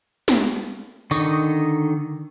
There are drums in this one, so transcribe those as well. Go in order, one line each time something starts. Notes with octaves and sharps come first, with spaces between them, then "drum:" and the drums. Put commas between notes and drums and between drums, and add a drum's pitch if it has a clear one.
drum: snare
D3 D#3 D#5 C#6, drum: tambourine